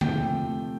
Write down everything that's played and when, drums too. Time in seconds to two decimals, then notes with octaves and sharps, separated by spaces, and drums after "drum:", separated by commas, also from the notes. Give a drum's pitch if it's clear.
0.01 C3 F3 A3 G5, drum: tom D3